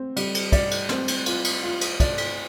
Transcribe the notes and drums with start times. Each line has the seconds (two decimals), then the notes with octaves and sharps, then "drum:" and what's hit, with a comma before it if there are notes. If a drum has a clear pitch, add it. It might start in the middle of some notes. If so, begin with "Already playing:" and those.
Already playing: C4
0.16 G3, drum: cymbal
0.35 drum: cymbal
0.52 D5, drum: kick, cymbal
0.71 drum: cymbal
0.89 C4, drum: snare
1.08 drum: cymbal
1.26 F4, drum: cymbal
1.44 drum: cymbal
1.63 F4
1.81 drum: cymbal
2.00 D5, drum: kick, cymbal
2.18 drum: cymbal